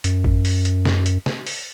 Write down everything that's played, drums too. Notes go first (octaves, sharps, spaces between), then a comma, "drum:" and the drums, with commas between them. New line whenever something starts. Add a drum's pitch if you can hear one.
F#2, drum: hi-hat
drum: kick
drum: open hi-hat
drum: hi-hat
drum: snare
drum: hi-hat
drum: snare
drum: open hi-hat